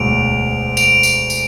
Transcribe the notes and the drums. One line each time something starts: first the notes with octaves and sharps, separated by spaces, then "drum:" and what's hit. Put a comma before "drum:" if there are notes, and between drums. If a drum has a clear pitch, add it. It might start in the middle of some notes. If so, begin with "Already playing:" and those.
Already playing: E1 D2 D7 F7
D7 F7, drum: tambourine
drum: tambourine
drum: tambourine